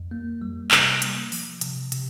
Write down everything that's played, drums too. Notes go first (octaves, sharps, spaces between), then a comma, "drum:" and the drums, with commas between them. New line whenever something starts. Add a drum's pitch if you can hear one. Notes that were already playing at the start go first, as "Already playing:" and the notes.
Already playing: F2
A#3
G3
C3, drum: clap
A#3, drum: hi-hat
F3, drum: open hi-hat
C3, drum: hi-hat
C3, drum: hi-hat